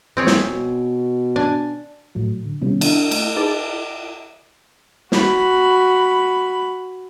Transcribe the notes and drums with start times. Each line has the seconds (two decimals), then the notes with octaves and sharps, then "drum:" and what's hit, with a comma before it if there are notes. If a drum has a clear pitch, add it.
0.17 F2 C4 G#4 C#5
0.27 drum: snare
0.49 B2
1.36 D4 G#5
2.15 A2 F#3 A3
2.45 D3
2.61 C3 D#3 G3 B3 C#4
2.81 D4, drum: cymbal
3.11 A3, drum: cymbal
3.36 D#4 G#4 B4 A5 D6 A6
5.12 F#4 B5, drum: snare